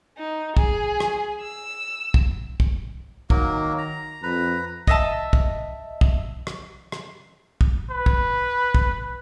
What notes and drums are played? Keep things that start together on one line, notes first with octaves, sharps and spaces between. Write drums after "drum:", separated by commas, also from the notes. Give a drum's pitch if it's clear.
D#4
G#4, drum: kick
drum: rim click
E6
drum: kick
drum: kick
D#3 F#3 A#3 A#4, drum: kick
A#5
F2 B4 A#5
D#5 E5 A5, drum: kick
drum: kick
drum: kick
drum: rim click
drum: rim click
drum: kick
B4
drum: kick
drum: kick